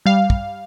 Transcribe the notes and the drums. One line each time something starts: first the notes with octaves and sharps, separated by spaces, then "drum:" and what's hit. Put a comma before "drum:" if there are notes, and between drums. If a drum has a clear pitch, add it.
G3 F5
drum: kick